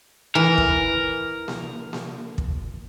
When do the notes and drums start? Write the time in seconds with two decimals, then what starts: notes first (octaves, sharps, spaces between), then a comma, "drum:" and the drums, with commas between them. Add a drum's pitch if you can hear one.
0.35 E3 A#4
0.58 drum: kick
1.48 drum: snare A#3
1.93 drum: snare A#3
2.38 drum: kick